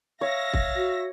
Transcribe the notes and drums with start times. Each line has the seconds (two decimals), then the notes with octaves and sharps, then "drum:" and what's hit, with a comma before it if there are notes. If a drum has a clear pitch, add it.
0.21 C#5 E5 F5 A#6
0.54 drum: kick
0.76 F#4